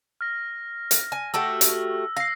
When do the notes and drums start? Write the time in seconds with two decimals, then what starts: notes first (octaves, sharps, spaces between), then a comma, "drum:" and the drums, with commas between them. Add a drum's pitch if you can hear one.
0.21 F6 A#6
0.91 drum: hi-hat
1.12 G#5
1.34 A3 F#4 G4 E6
1.61 drum: hi-hat
2.17 F5 A#6 C7